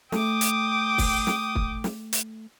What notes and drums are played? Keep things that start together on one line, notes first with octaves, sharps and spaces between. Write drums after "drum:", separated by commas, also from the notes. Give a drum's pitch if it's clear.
A3 G5 D6 D#6, drum: snare
drum: hi-hat
drum: kick, open hi-hat
drum: snare
drum: kick
drum: snare
drum: hi-hat